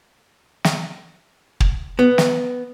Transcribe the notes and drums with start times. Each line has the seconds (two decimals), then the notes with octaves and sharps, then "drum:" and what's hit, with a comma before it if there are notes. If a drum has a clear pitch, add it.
0.64 drum: snare
1.60 drum: kick
1.99 B3
2.18 drum: snare